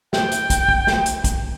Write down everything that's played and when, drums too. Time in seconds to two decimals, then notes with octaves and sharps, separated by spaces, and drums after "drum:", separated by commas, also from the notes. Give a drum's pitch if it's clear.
0.13 G5, drum: snare
0.31 drum: hi-hat
0.50 drum: kick, hi-hat
0.69 drum: kick
0.87 drum: snare
1.06 drum: hi-hat
1.24 drum: kick, hi-hat